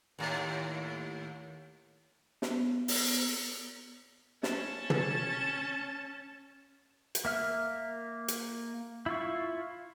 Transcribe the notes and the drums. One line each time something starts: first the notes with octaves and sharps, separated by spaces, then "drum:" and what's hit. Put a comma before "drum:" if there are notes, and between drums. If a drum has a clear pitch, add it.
D#2 A2
B3, drum: snare
drum: open hi-hat
C#4 A5, drum: snare
drum: tom
drum: hi-hat
A#3 E5 F6
drum: hi-hat
E4 F4 C#6